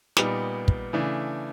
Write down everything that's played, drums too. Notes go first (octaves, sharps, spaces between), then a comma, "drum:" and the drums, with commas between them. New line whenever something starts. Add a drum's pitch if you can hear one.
A#2 G3 B3 D#4, drum: snare
drum: kick
C#3 E3 A3 D4